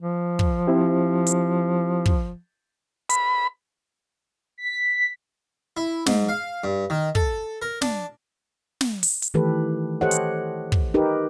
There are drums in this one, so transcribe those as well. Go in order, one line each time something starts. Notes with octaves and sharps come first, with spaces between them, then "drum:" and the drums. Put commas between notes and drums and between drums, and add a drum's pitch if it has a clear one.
F3
drum: kick
C4 E4 G4
drum: hi-hat
drum: kick
B5, drum: hi-hat
B6
E4
G#2, drum: snare
F5
G2
D#3
A4, drum: kick
A#4
D4, drum: snare
drum: snare
drum: open hi-hat
drum: hi-hat
D#3 E3 A3 G4 A4 B4
G4 A4 C5 C#5 D#5 F#5
drum: hi-hat
drum: kick
D#4 G4 A#4 B4